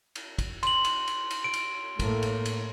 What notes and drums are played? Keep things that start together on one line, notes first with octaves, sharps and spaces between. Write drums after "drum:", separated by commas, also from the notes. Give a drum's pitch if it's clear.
drum: cymbal
drum: kick, cymbal
C6 F#7, drum: cymbal
drum: cymbal
drum: cymbal
drum: cymbal
D7
drum: cymbal
A2 A3 A#3, drum: kick, cymbal
drum: cymbal
drum: cymbal